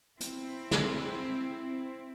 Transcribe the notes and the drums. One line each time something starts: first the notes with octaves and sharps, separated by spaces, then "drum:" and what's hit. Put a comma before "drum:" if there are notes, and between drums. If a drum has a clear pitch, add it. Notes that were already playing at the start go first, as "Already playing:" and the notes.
C4 E4, drum: hi-hat
drum: snare